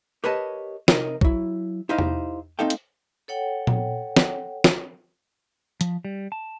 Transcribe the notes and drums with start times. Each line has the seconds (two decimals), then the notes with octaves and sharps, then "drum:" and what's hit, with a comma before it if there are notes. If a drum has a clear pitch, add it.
0.24 G4 A#4 B4 C#5 D#5 A5
0.88 C3 D#4 A#4 D#5, drum: snare
1.21 F#3 E4, drum: kick B1
1.89 D#4 E4 G4 C5 D#5 F5
1.99 drum: tom E2
2.59 A3 C4 D#4 A4 F5 G5
2.70 drum: hi-hat
3.28 A4 C#5 F#5 G5
3.67 drum: tom A#2
4.17 drum: snare
4.64 drum: snare
5.81 F3, drum: hi-hat
6.05 G3
6.32 A5